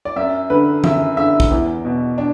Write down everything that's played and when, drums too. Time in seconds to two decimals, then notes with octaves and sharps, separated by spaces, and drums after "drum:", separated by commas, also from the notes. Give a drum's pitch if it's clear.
0.05 D5
0.16 F#2 E5
0.50 D3 B4
0.84 F#2 E5, drum: tom D#3
1.17 D3 E5
1.40 drum: kick
1.51 E2
1.85 B2
2.18 D4